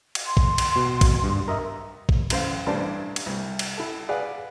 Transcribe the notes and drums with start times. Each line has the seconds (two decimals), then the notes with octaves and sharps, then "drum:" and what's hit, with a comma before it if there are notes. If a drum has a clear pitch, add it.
0.15 drum: cymbal
0.25 C6
0.37 drum: kick
0.58 drum: cymbal
0.76 B2
1.01 drum: kick, cymbal
1.24 G2
1.48 A#4 D#5 E5
2.09 drum: kick
2.30 A1 F#2 C5 F5, drum: cymbal
2.66 A1 G2 C5 D5 A5
3.16 drum: cymbal
3.26 C2
3.59 drum: cymbal
3.77 E4 A4
4.09 G#4 B4 D5 F5 F#5 G#5